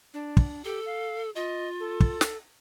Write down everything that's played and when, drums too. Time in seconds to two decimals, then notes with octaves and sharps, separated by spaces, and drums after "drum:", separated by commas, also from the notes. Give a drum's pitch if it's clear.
0.14 D4
0.37 drum: kick
0.65 G4 A4
0.86 F5
1.35 F4 D#5
1.80 A4
2.00 drum: kick
2.21 drum: snare